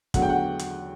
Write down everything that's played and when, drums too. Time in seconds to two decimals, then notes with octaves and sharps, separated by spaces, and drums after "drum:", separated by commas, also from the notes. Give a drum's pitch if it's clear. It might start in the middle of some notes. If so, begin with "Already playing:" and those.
0.14 E2 D3 F#3 F#5, drum: kick, hi-hat
0.22 G5
0.29 F#5
0.59 drum: hi-hat